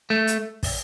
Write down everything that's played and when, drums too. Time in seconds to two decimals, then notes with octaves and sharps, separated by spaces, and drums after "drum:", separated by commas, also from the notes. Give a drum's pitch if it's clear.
0.10 A3
0.27 drum: hi-hat
0.63 drum: kick, open hi-hat